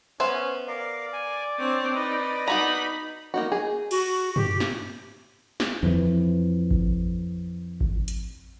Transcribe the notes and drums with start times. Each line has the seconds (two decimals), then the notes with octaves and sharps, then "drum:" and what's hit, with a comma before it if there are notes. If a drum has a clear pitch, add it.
0.20 B3 C#4 C5 E5
0.67 A#4 D5 F5
1.13 G#5
1.59 C4 D4 C#5
1.95 D#4 B4 D#5
2.48 B3 D#4 F#4 A#5 B5
3.34 A#3 D#4 F#4
3.52 G#4
3.91 F#4, drum: cymbal
4.36 G4, drum: tom
4.60 drum: snare
5.60 drum: snare
5.83 F2 E3
6.71 drum: kick G#1
7.81 drum: kick G#1
8.08 drum: hi-hat